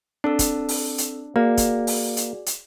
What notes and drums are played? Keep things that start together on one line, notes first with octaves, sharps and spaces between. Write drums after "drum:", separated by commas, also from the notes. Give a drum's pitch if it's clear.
C4 D4 A4 E6
drum: kick, hi-hat
drum: open hi-hat
drum: hi-hat
A#3 F#4 G#4 D5
drum: kick, hi-hat
drum: open hi-hat
drum: hi-hat
drum: hi-hat